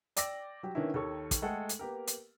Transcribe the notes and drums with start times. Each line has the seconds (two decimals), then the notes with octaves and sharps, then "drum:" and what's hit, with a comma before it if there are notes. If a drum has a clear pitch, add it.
0.17 D5 G5 D6 E6 A#6, drum: hi-hat
0.63 F#3 G4
0.75 D#3 B3 C#4 D4 E4
0.94 D#2 D#3 G4 A4 C#5 C#6
1.31 drum: kick, hi-hat
1.42 G#3 A3 A4 F#5 G5
1.69 drum: hi-hat
1.79 A#3 B3 G4 A#4
2.07 drum: hi-hat